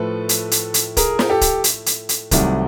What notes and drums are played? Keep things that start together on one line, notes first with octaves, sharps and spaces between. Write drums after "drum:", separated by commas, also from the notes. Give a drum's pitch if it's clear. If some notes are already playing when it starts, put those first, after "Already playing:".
Already playing: A2 F3 A3 A4 B4
drum: hi-hat
drum: hi-hat
drum: hi-hat
G#4 A#4, drum: kick, hi-hat
drum: snare
G4 A4
drum: kick, hi-hat
drum: hi-hat
drum: hi-hat
drum: hi-hat
C2 C3 D#3 F#3 A3, drum: kick, hi-hat